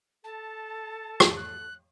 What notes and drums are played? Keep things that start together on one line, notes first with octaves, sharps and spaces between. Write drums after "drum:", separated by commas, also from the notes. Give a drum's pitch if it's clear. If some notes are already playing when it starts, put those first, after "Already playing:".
A4 A5
drum: rim click
F#6